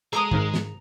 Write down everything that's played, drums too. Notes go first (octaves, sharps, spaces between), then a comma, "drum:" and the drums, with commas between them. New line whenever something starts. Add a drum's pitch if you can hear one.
G#3 A4 A#5 D6 D#6
G#1 G#2 A#4, drum: kick
drum: snare